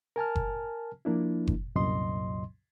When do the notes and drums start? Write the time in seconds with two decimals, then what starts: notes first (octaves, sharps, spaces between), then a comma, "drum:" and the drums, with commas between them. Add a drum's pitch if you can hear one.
0.16 A#4 G#5 A5 F6
0.35 drum: kick F#1
1.05 F3 A#3 D4 E4
1.47 drum: kick F#1
1.75 C2 F#2 A#2 F#3 D#5 C6